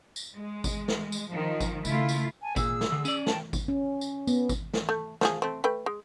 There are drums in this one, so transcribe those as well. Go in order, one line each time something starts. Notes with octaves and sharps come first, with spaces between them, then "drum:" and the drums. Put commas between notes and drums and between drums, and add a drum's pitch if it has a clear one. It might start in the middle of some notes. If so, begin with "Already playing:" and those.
drum: tambourine
G#3
drum: kick G#1, tambourine
drum: snare
drum: tambourine
D#3 F3
drum: kick G#1, tambourine
C#3 A3 E4 F4, drum: tambourine
drum: tambourine
G#5 A5
A#2 G#4 E6, drum: kick G#1, tambourine
drum: snare
D3
C#4 D5, drum: tambourine
G5 A5, drum: snare
drum: kick G#1, tambourine
C#4
drum: tambourine
B3, drum: tambourine
drum: kick G#1, tambourine
drum: snare
A3
F3 C4 G#4, drum: snare
A3 C4
A3 B4 G5
G#3